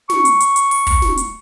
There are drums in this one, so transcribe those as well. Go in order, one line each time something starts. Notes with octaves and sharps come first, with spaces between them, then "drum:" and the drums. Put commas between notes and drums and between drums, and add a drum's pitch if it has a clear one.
C#6, drum: snare
drum: hi-hat
drum: hi-hat
drum: hi-hat
drum: open hi-hat
drum: kick, open hi-hat
drum: snare
drum: hi-hat